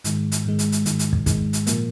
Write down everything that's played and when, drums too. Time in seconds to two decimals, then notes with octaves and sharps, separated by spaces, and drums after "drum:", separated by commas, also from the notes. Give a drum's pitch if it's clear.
0.04 G#2 D#3 G#3, drum: hi-hat
0.32 drum: hi-hat
0.45 G#2 D#3 G#3
0.59 drum: hi-hat
0.72 drum: hi-hat
0.86 G#2 D#3 G#3, drum: hi-hat
0.99 drum: hi-hat
1.13 drum: kick
1.26 G#2 D#3 G#3, drum: kick, hi-hat
1.53 drum: hi-hat
1.67 A#2 F3 A#3, drum: hi-hat